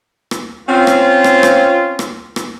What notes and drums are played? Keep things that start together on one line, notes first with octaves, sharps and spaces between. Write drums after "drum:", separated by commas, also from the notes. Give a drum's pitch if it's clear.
drum: rim click
C4 C#4 F4
drum: rim click
drum: rim click
drum: rim click
drum: rim click
drum: rim click